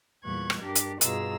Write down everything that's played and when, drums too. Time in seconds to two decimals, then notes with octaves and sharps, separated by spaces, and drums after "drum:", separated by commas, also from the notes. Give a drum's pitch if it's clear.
0.24 E2 A#2 G3 C#6 F#6 G#6
0.50 drum: rim click
0.60 G2 D4 G4 A#4
0.75 drum: hi-hat
1.01 G2 B2 F4 G#4 A#5 E6, drum: hi-hat